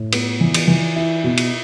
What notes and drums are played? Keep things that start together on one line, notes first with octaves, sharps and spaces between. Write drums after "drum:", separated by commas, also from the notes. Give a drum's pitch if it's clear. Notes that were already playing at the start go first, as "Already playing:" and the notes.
Already playing: A2
B3, drum: cymbal
E3
drum: cymbal
E3
E4
B2
drum: cymbal